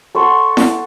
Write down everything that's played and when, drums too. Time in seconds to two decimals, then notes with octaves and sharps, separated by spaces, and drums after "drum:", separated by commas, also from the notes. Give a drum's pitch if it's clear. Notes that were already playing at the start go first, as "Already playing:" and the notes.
0.15 A4 C#5 F#5 C6
0.57 drum: snare E4